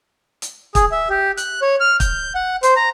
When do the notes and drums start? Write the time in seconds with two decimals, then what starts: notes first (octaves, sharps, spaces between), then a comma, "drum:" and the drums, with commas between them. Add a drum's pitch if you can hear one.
0.42 drum: hi-hat
0.75 G#4, drum: kick, hi-hat
0.92 E5
1.10 G4
1.37 F#6, drum: hi-hat
1.62 C#5
1.80 F6
2.00 G6, drum: kick, hi-hat
2.35 F#5
2.63 C5, drum: hi-hat
2.76 A#5